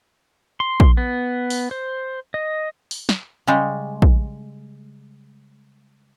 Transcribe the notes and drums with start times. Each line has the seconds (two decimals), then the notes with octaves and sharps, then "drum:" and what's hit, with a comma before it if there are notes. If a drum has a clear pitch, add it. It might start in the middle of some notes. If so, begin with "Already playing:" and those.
0.60 C6
0.80 drum: kick A#1
0.97 B3
1.50 drum: open hi-hat
1.71 C5
2.34 D#5
2.91 drum: open hi-hat
3.09 drum: snare
3.47 C#3 G3 G#3
4.02 drum: kick A#1